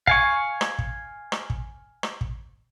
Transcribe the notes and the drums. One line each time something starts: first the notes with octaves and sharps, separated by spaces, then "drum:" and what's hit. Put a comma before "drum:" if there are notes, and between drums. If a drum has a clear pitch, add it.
F5 G#5 C#6, drum: kick
drum: rim click
drum: kick
drum: rim click
drum: kick
drum: rim click
drum: kick